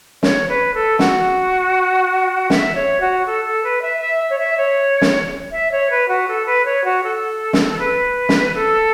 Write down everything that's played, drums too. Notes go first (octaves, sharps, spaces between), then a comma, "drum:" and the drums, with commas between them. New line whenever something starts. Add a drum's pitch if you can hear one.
C#5, drum: snare
B4
A4
F#4, drum: snare
E5, drum: snare
C#5
F#4
A4
A4
B4
E5
E5
C#5
E5
C#5
drum: snare
E5
C#5
B4
F#4
A4
B4
C#5
F#4
A4
drum: snare
A4
B4
drum: snare
A4